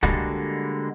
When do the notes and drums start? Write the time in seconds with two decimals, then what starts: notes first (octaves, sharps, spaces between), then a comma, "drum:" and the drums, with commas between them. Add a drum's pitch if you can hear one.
0.03 D3 G3 G#3 A#3 F#4 A4, drum: kick